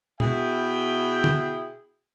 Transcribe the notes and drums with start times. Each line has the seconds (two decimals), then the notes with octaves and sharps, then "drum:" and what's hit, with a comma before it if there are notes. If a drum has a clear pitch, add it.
0.20 B2 E4 G#4 E5 G5, drum: tom B2
1.24 drum: tom